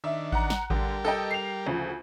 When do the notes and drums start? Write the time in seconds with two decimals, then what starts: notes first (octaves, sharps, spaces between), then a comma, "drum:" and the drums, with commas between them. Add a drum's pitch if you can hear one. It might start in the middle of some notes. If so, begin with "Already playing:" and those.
0.04 D#3 D4 E5
0.32 F#5 A#5, drum: kick A1
0.50 drum: snare
0.70 D3 G3 G4 A#4, drum: kick A1
1.04 A4 D#5 G5
1.31 C7 F7
1.66 D2 C#3 F3